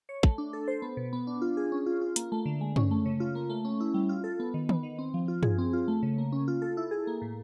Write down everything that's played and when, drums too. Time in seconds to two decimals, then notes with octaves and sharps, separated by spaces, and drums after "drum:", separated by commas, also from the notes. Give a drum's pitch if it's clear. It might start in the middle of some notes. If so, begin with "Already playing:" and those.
0.09 C#5
0.23 A3, drum: kick
0.38 D4
0.53 A4
0.68 C5
0.82 B3
0.97 B2
1.13 B3
1.27 D4
1.42 F4
1.57 G#4
1.72 C#4
1.86 F4
2.02 F4
2.16 A#3, drum: hi-hat
2.32 A3
2.46 D3
2.61 G#3
2.76 C#4, drum: tom
2.91 A3
3.06 C#3
3.20 F4
3.35 A#3
3.49 A3
3.65 C#4
3.80 E4
3.94 G3
4.09 F4
4.24 A4
4.40 B3
4.54 D#3
4.69 B3, drum: tom
4.83 D#3
4.99 C4
5.14 F3
5.28 F4
5.43 G#4, drum: tom
5.58 C4
5.73 F4
5.88 A3
6.03 C#3
6.18 A#3
6.32 C#4
6.48 F4
6.62 A4
6.77 E4
6.91 G#4
7.07 A#3
7.22 A2